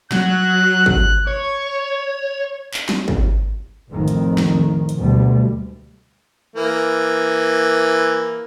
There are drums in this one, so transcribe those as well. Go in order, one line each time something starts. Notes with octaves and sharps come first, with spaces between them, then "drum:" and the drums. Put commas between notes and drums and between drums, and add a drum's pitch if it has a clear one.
F#3 F#6, drum: snare
F#6, drum: kick
C#5 C#6
drum: clap
drum: snare
drum: kick
A1 F2 D#3
drum: hi-hat
drum: snare
drum: hi-hat
D2 B2 G3
E3 A#3